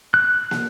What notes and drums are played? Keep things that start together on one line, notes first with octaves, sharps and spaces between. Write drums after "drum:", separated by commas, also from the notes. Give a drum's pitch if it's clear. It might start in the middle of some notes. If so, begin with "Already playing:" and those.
F#6
drum: snare